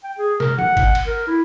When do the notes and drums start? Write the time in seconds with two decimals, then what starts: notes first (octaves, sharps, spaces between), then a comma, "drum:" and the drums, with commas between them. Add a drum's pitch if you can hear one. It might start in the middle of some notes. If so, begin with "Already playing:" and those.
0.04 G5
0.18 G#4
0.40 A#4, drum: snare
0.59 F#5, drum: tom
0.77 drum: kick G1, cymbal
0.95 drum: cymbal
1.07 A#4
1.27 E4